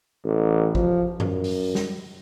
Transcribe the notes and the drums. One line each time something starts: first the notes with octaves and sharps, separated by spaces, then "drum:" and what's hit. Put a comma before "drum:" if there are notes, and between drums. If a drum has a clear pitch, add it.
A1
F3, drum: kick
F#2, drum: tom F#2
drum: open hi-hat
drum: snare